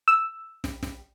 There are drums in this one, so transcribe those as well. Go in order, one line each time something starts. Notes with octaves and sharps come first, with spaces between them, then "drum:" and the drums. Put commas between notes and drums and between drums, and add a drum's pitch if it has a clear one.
E6
drum: snare
drum: snare